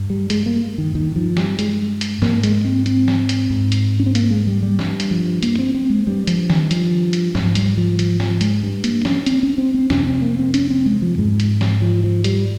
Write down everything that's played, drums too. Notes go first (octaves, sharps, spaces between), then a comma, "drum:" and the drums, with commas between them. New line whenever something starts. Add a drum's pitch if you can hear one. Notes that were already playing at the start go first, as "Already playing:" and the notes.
Already playing: G2
G3
G#3, drum: hi-hat
A#3
D#3
G2 D#3
F3
G3, drum: snare
G#3, drum: hi-hat
drum: hi-hat
G#2 A#3, drum: snare
G#3, drum: hi-hat
C4
C4, drum: hi-hat
drum: snare
drum: hi-hat
G#2
drum: hi-hat
C#4
C4
A#3, drum: hi-hat
G#3
G3
G3
G2, drum: snare
drum: hi-hat
F3
A#3, drum: hi-hat
C4
C4
G#3
G2 G3
F3, drum: hi-hat
D#3, drum: snare
F3, drum: hi-hat
drum: hi-hat
G#2 F3, drum: snare
G3, drum: hi-hat
F3
F3, drum: hi-hat
F3, drum: snare
G#3, drum: hi-hat
G2
A#3, drum: hi-hat
C#4, drum: snare
C4, drum: hi-hat
C#4
C4
C4
F2 C3 C#4, drum: snare
C4
A#3
C4
C#4, drum: hi-hat
C4
G#3
F3
G#2 G#3
drum: hi-hat
drum: snare
F3
F3
G3, drum: hi-hat